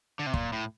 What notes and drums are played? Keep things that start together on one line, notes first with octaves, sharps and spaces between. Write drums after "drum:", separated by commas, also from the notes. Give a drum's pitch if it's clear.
D3
C3
A#2, drum: kick
A2